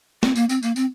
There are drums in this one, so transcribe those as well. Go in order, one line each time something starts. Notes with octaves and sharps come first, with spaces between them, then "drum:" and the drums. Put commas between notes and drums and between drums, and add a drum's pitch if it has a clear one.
C4, drum: snare
A#3, drum: tambourine
C4, drum: tambourine
A#3, drum: tambourine
C4, drum: tambourine